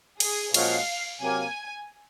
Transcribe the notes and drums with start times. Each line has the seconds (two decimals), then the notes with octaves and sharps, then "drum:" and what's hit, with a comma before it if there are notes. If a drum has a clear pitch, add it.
0.20 G#4, drum: cymbal
0.54 A#2 F3 G#3 C#4 F#4 F5, drum: cymbal
1.22 C3 F#3 A#3 G#5